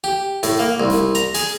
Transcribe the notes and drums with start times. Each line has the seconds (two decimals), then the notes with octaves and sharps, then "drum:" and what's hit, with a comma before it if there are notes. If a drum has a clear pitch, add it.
0.04 G4
0.43 A2, drum: open hi-hat
0.59 A#3
0.80 C2
0.90 drum: snare
1.15 A#5, drum: hi-hat
1.35 G#4, drum: open hi-hat